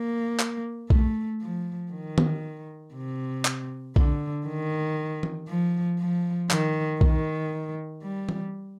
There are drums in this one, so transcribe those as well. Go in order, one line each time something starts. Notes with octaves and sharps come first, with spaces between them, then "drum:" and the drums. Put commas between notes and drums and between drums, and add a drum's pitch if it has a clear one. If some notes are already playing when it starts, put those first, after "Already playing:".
Already playing: A#3
drum: clap
A3, drum: kick B1
F3
D#3
drum: tom D#3
C3
drum: clap
D3, drum: kick B1
D#3
drum: tom E3
F3
F3
D#3, drum: clap
D#3, drum: kick B1
G3
drum: tom E3